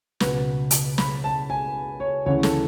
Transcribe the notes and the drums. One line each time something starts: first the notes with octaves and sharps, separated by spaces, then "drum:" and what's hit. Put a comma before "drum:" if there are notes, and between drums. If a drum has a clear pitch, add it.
C#2 B2 B4, drum: snare
drum: hi-hat
B5, drum: snare
A5
G#5
C#5
D2 C#3 E3 C#5
A4, drum: snare